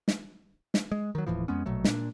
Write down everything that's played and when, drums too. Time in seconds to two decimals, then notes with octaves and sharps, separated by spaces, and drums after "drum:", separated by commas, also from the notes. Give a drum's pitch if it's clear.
0.08 drum: snare
0.74 drum: snare
0.92 G#3
1.15 D#3 F#3
1.26 D#1 A2 E3 F3
1.48 F2 G#3 B3 C#4
1.66 A#1 B2 F#3 A3
1.84 A#2 D4, drum: snare